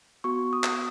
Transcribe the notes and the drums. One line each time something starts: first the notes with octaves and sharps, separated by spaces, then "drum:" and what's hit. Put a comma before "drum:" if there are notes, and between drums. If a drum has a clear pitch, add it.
B3 F#4 C#6
D#6
drum: clap